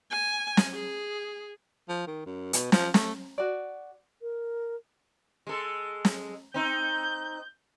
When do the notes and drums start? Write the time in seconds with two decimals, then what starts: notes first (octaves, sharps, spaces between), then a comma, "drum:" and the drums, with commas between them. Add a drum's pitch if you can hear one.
0.11 G#5
0.57 drum: snare
0.74 G#4
1.88 F3
2.07 D#3
2.26 F#2
2.53 B2, drum: hi-hat
2.72 F3, drum: snare
2.94 A3, drum: snare
3.38 F#4 D5
4.22 A#4
5.47 G#3 A4
6.05 drum: snare
6.54 C4 D#4 G6